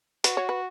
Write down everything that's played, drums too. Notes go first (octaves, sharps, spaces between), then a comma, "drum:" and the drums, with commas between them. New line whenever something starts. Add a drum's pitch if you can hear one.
F#4 B4, drum: hi-hat
C#5
B4